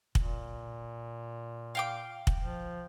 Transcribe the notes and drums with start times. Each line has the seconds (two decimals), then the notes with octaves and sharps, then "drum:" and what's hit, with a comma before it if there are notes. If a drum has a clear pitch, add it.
0.15 A#2, drum: kick
1.75 F5 G5 D6
2.27 drum: kick
2.41 F3